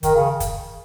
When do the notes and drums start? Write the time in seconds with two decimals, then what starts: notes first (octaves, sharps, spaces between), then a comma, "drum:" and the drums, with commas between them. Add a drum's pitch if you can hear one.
0.03 D#3, drum: kick, hi-hat
0.15 C#3
0.40 drum: kick, hi-hat